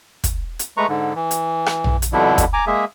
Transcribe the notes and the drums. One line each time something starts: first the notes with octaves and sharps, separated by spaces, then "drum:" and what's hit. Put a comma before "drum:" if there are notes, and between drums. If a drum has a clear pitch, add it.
drum: kick, hi-hat
drum: hi-hat
G#3 A3 B4 A#5 C#6
G#2 D3
E3
drum: hi-hat
drum: rim click
drum: tom A#1
drum: hi-hat
F2 B2 D3 G3 D4 E4
drum: kick, hi-hat
G#5 A#5 D6
G#3 A#3 G#4 E5